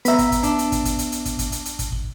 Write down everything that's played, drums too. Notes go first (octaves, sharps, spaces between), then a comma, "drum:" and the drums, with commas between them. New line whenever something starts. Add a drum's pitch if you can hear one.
B3 E5 A#5 B5, drum: hi-hat
drum: kick, hi-hat
drum: kick, hi-hat
D4, drum: hi-hat
drum: hi-hat
drum: kick, hi-hat
drum: kick, hi-hat
drum: hi-hat
drum: hi-hat
drum: kick, hi-hat
drum: kick, hi-hat
drum: hi-hat
drum: hi-hat
drum: kick, hi-hat
drum: kick